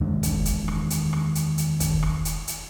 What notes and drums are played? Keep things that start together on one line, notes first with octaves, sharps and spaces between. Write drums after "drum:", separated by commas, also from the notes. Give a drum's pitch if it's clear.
E2 D#3 G#3 D4
drum: kick, hi-hat
drum: hi-hat
drum: rim click
drum: hi-hat
drum: rim click
drum: hi-hat
drum: hi-hat
drum: kick, hi-hat
drum: rim click
drum: hi-hat
drum: hi-hat